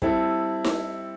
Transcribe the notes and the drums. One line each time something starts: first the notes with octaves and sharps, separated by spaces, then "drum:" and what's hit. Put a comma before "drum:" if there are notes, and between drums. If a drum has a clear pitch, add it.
G3 C4 E4 A4, drum: kick
drum: snare D#4